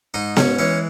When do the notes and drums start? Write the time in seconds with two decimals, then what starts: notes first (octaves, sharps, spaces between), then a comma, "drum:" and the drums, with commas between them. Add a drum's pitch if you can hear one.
0.14 G#2 D#4 D#5
0.37 C#4 C#5, drum: snare B3
0.58 E3 G#3 C#4 C#5